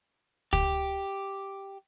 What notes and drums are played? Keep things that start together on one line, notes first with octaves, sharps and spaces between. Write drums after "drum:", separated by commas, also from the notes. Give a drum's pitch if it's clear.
G4, drum: kick